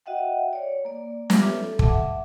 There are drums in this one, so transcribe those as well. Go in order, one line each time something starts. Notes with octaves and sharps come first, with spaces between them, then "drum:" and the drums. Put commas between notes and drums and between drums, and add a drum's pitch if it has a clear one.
F#4 D#5 E5 F#5 G5
C#5 D5
A#3 D5
B3 F4 G4 B4 E5 D6, drum: snare
A4
E5 F#5 A5 D6, drum: kick